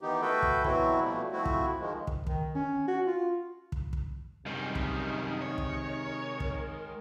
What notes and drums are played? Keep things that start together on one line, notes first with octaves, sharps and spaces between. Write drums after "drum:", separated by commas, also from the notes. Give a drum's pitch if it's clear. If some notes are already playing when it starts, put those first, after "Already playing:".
D#3 E3 B3 D#4 G4
A3 F#4 A4 B4 G5
drum: kick
B2 E3 F#3 C4 E4 F#4, drum: kick
B2 F3 G3 A3
F3 A3 C4 E4 F#4
drum: kick
D#3 F3 G#3
drum: kick
D#3, drum: kick
C#4
F#4
F4
drum: kick
drum: kick
F#2 C3 D#3 G3 G#3
drum: kick
C#5
drum: kick
drum: kick